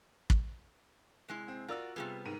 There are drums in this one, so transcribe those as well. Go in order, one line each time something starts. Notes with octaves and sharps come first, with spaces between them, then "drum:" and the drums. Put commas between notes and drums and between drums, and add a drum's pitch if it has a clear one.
drum: kick
C3 G#3 E4
C4
F4 F#4 A#4 D5 E6
C3 G3 B3 F4 G#4
G#2 A#4 D#7